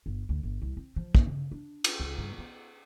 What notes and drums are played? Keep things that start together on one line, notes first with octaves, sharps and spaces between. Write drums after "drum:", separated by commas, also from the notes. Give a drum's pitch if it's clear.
G1
D2
G1
C2
C4
F3
A#3, drum: kick
C#3
D4
drum: cymbal
C#2
G2
B3